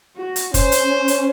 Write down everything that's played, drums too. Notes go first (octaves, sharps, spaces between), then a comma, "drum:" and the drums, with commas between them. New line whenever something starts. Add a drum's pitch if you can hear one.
F#4
drum: hi-hat
C#4 C5, drum: kick, hi-hat
drum: hi-hat
drum: hi-hat